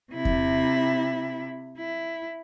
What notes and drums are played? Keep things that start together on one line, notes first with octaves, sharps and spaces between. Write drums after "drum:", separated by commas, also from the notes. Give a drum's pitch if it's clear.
C3 E4
drum: kick E2
E4